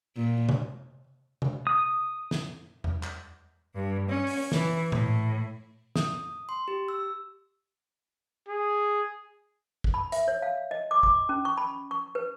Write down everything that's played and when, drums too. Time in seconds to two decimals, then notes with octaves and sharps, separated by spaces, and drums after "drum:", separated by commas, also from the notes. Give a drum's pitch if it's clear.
0.17 A#2
0.49 drum: tom C3
1.42 drum: tom C3
1.67 D#6
2.31 drum: snare
2.84 drum: tom E2
3.03 drum: clap
3.75 G2
4.08 C#4
4.27 drum: open hi-hat
4.52 E3, drum: snare
4.92 A2, drum: tom A#2
5.96 D#6, drum: snare
6.49 C6
6.68 G4
6.88 E6
8.48 G#4
9.84 drum: kick
9.94 B5
10.12 E5, drum: hi-hat
10.28 C#5
10.42 F5
10.71 D#5
10.91 D6
11.03 D6, drum: kick
11.29 C#4
11.45 C#6
11.57 B5
11.91 C#6
12.15 B4